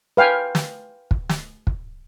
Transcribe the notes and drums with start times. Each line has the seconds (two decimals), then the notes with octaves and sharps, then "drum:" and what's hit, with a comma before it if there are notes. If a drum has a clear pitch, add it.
0.17 B4 F5 G5 G#5
0.55 drum: snare
1.11 drum: kick
1.29 drum: snare
1.67 drum: kick